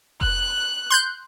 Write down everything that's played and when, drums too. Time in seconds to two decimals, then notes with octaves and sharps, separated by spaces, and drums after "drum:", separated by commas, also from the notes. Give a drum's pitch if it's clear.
0.21 F#6, drum: kick F1
0.90 C6 F#6 G6